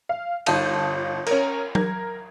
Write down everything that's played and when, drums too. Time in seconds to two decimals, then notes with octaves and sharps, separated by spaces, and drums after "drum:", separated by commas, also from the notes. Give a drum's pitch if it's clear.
0.09 F5
0.46 G1 D#4 F4 A5 G6 D#7, drum: cymbal
1.26 C#4 A#4, drum: cymbal
1.75 A#4 G#6, drum: tom F#3